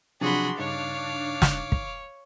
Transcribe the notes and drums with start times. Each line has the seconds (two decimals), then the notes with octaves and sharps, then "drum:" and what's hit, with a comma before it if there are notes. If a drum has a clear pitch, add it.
0.21 C3 F3 F#3 D4 F#4 G#4 B5 C6
0.59 G2 C#3 D#4 C#5 F5 D6
1.42 drum: snare
1.72 drum: kick